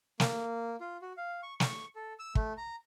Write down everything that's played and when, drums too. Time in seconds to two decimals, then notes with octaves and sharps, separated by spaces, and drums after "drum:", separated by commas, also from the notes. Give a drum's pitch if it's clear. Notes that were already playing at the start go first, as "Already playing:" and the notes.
0.20 A#3, drum: snare
0.80 F4
1.02 F#4
1.17 F5
1.43 C#6
1.60 C#6, drum: snare
1.96 A4
2.19 E6
2.35 A3, drum: kick
2.57 A#5